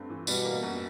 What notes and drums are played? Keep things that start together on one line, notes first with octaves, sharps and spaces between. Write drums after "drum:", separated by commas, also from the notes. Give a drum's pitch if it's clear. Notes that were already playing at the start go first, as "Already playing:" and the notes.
Already playing: G2 A3 C4
E3
B2 G3, drum: tambourine
A#3
F#2